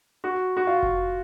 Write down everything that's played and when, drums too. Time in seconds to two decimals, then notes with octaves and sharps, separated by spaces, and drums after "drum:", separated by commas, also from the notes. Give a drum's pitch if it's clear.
0.24 F#4
0.57 F#4
0.67 F4
0.83 drum: kick F1